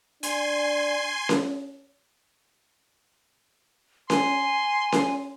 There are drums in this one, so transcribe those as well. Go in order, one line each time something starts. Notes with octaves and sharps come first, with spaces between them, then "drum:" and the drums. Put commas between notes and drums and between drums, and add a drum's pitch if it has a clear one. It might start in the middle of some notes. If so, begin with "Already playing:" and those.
D4 G#5 C6, drum: hi-hat
drum: snare C#4
G#5 C6, drum: snare C#4
drum: snare C#4